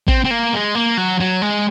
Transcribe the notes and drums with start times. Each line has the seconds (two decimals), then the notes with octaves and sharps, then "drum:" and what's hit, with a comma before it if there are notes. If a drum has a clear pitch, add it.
0.08 C4, drum: kick
0.24 C4
0.31 A#3
0.53 G#3
0.75 A#3
0.97 F#3
1.20 F#3
1.42 G#3